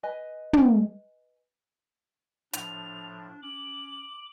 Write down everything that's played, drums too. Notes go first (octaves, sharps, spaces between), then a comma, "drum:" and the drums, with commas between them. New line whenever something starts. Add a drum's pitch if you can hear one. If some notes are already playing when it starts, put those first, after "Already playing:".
B4 D#5 G#5
drum: tom
A2 F3 D4 F7, drum: hi-hat
C#4 D6 F#7